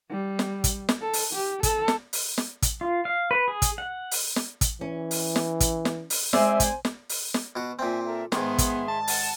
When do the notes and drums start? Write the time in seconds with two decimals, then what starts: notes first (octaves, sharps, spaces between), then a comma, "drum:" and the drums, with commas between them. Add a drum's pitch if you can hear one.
0.10 G3
0.39 drum: snare
0.64 drum: kick, hi-hat
0.89 drum: snare
1.01 A4
1.13 drum: open hi-hat
1.33 G4
1.63 A4, drum: kick, hi-hat
1.88 drum: snare
2.13 drum: open hi-hat
2.38 drum: snare
2.62 drum: kick, hi-hat
2.81 F4
3.05 F5
3.31 B4
3.48 G#4
3.62 drum: kick, hi-hat
3.78 F#5
4.11 drum: open hi-hat
4.36 drum: snare
4.61 drum: kick, hi-hat
4.81 E3 C#4
5.11 drum: open hi-hat
5.36 drum: snare
5.60 drum: kick, hi-hat
5.85 drum: snare
6.10 drum: open hi-hat
6.33 G#3 C4 C5 D5 E5 G#5, drum: snare
6.60 drum: kick, hi-hat
6.85 drum: snare
7.09 drum: open hi-hat
7.34 drum: snare
7.56 B2 F#4
7.79 A#2 C4 E5 G#5
8.05 A4 A#4 E5
8.32 G#2 D#3 B3 G#4 E5 C6, drum: snare
8.58 drum: kick, hi-hat
8.88 A5
9.08 F#5, drum: open hi-hat